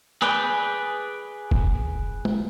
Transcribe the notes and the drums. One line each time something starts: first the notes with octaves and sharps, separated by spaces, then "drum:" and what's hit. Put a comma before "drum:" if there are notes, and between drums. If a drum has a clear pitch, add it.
G#4 B4 D5 G5
drum: kick F1
drum: tom